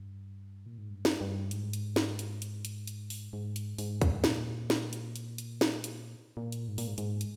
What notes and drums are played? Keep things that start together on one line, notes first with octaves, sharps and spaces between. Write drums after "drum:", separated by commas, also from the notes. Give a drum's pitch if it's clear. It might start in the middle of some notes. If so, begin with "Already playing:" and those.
Already playing: G2
A#2
G#2
G2
drum: snare
G2
G#2, drum: hi-hat
drum: hi-hat
drum: snare
drum: hi-hat
drum: hi-hat
drum: hi-hat
drum: hi-hat
drum: open hi-hat
G#2
drum: hi-hat
G#2, drum: open hi-hat
drum: kick, hi-hat
A#2, drum: snare
drum: snare
drum: hi-hat
drum: hi-hat
drum: hi-hat
drum: snare
drum: hi-hat
A#2
drum: hi-hat
G#2
A#2, drum: open hi-hat
G#2
G#2, drum: hi-hat
drum: hi-hat